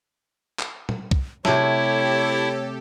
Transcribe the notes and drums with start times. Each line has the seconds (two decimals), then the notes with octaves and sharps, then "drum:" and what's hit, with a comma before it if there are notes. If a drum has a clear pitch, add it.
0.59 drum: clap
0.89 drum: tom
1.11 drum: kick
1.45 C3 A3 E4 G4 A4 C#5, drum: snare